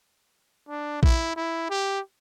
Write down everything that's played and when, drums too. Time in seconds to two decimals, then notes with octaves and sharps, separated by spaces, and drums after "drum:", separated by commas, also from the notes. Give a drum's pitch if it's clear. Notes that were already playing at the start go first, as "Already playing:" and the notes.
0.69 D4
1.03 E4, drum: kick A#1
1.36 E4
1.70 G4